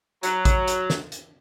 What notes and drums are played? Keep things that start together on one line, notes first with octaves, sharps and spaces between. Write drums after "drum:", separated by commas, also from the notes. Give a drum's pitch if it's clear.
F#3, drum: hi-hat
drum: kick A1, hi-hat
drum: hi-hat
drum: snare
drum: hi-hat